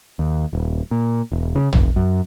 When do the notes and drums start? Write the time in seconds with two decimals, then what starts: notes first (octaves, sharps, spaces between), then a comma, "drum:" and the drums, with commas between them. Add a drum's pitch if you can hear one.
0.19 D#2
0.53 D#1
0.91 A#2
1.32 E1
1.56 C#3
1.73 F1, drum: tom A#1
1.96 F#2